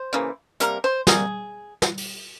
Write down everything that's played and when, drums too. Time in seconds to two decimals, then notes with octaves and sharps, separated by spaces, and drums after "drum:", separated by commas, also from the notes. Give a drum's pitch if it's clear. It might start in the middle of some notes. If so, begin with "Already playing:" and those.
Already playing: C5
0.13 C#3 E3 A#3
0.60 C3 G3 A#3 A#4, drum: hi-hat
0.84 C5
1.07 C3 G3 A#3 G#4, drum: snare
1.82 drum: snare
1.98 drum: open hi-hat